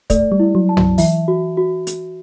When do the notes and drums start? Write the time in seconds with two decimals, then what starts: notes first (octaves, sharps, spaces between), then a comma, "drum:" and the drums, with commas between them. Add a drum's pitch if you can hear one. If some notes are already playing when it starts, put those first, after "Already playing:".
0.10 A3 D5, drum: kick, hi-hat
0.32 G3
0.39 E4
0.55 F#3
0.69 A5
0.77 F#3, drum: tom
0.98 E3 E5, drum: open hi-hat
1.28 F#4
1.57 F#4
1.87 drum: hi-hat